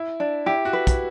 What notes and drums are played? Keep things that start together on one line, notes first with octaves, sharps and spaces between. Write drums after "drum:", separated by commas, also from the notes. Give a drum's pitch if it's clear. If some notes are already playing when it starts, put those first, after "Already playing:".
Already playing: E4
D4
E4 G4
F#4
B4
drum: kick, hi-hat